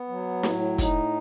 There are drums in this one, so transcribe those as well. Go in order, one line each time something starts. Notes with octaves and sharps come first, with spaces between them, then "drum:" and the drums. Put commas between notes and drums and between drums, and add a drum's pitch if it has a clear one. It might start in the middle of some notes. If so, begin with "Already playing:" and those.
Already playing: B3
F#3
A2, drum: snare
D#4, drum: kick, hi-hat